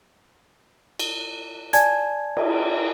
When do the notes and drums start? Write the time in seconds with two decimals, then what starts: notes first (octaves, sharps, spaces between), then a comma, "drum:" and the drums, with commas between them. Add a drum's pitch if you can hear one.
0.99 drum: cymbal
1.73 D5 G#5 A5 G#6, drum: hi-hat
2.37 drum: cymbal